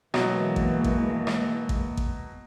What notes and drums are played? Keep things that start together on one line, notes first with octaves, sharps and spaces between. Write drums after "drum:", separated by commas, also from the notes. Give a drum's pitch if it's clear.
B2 E3 F#3 G#3 A#3, drum: rim click
drum: kick A1
drum: kick A1
drum: rim click
drum: kick A1
drum: kick A1